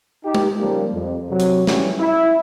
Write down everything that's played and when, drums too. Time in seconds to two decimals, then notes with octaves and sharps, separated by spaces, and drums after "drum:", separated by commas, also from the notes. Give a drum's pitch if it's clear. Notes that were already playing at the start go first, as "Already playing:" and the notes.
0.25 D#4 G4
0.35 drum: tom G#3
0.60 C#3 F3 G3 A#3
0.94 F2
1.30 C3 F#3
1.40 drum: hi-hat
1.67 E3 F#3 G3 C#4 F#4, drum: snare
1.99 E4